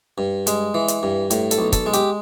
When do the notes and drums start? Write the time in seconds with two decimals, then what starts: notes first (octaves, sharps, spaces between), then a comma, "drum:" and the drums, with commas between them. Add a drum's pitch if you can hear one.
0.18 G2
0.47 G#3, drum: hi-hat
0.74 E3
0.88 drum: hi-hat
1.03 G2
1.31 A2, drum: hi-hat
1.51 A4, drum: hi-hat
1.58 B1
1.73 A4, drum: kick, hi-hat
1.86 G#3
1.93 G4, drum: hi-hat